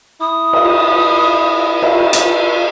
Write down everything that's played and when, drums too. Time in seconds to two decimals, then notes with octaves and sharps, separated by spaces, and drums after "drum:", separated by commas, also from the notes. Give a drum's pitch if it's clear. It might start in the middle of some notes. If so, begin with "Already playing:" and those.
0.21 E4 D#6
0.53 drum: cymbal
1.82 drum: cymbal
2.13 drum: hi-hat